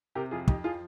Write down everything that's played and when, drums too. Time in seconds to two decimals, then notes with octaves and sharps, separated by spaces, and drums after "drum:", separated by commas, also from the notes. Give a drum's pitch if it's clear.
0.15 C3 G4 A#4
0.31 F2 F4 G#4
0.48 F2 D#4 G4, drum: kick
0.64 F3 F4 G#4